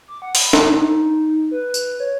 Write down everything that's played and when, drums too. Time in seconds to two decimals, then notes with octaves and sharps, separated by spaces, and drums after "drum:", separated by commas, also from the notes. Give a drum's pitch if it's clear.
0.08 D6
0.22 F#5
0.35 B5, drum: open hi-hat
0.53 drum: snare
0.66 D#4
1.51 B4
1.74 drum: tambourine
2.00 C#5